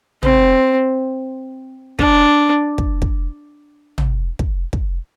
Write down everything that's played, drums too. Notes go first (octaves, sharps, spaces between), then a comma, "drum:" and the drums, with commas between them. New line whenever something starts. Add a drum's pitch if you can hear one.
C4, drum: tom
D4, drum: kick
drum: kick
drum: kick
drum: tom
drum: kick
drum: kick